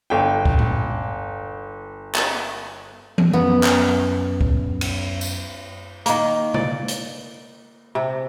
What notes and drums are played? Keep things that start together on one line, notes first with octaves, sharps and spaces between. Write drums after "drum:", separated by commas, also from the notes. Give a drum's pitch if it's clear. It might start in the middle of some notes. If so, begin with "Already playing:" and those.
G1 G5
drum: kick
drum: tom A2
drum: clap
drum: tom E3
F#2 B3
drum: clap
drum: kick
drum: cymbal
drum: tambourine
D#3 A#3, drum: hi-hat
D5, drum: tom
drum: hi-hat
C3